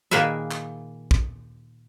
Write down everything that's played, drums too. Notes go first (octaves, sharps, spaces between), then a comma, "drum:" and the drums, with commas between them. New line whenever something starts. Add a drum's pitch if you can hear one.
A#2 D#3 A#3 G#4 B4 E5
drum: clap
drum: kick